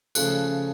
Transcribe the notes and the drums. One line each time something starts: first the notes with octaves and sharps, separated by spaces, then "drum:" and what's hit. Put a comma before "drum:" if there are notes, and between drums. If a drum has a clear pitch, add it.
C#3 F3 A3 F#6, drum: tambourine